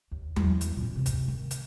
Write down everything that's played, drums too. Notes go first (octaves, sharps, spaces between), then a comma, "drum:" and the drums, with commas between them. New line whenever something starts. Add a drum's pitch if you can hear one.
D#2
E2, drum: tom F#3
drum: hi-hat
A#2 C#4
G#2 C3
drum: kick, hi-hat
D#3
drum: hi-hat